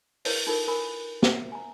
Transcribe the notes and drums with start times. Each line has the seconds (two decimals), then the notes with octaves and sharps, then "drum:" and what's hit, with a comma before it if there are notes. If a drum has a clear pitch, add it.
0.25 E4 A#4 B4 C#5 D#5, drum: open hi-hat
0.47 D#4 F4 A4 A#4
0.67 A#4 G#5 B5 D#6
1.22 E5, drum: snare
1.52 G#5 A#5